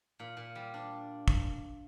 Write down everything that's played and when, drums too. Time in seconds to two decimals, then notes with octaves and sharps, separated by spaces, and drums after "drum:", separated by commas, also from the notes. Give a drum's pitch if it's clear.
0.19 A#2
0.37 A#2
0.55 G3
0.74 D4
1.28 drum: kick